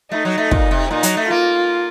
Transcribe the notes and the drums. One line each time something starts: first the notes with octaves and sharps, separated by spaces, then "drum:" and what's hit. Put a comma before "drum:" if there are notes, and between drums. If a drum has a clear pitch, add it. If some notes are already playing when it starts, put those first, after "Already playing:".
A3 D#4
F#3
A3
A#2, drum: kick
C3
A#2 D#4
F#3, drum: hi-hat
A3
A#3 F4